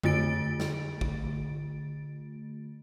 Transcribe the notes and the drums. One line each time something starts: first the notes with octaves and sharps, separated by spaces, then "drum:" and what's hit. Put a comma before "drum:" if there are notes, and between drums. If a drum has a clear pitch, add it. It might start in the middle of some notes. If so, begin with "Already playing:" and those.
D3 A3 F4 A6 D7, drum: tom F2
drum: snare
drum: kick